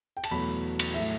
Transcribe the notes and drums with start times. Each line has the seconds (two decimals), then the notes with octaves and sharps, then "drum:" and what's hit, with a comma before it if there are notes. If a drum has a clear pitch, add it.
0.17 G5
0.24 A5, drum: cymbal
0.31 E2 B2 F#3 A3 B5
0.79 drum: cymbal
0.94 A2 F#3 A3 E5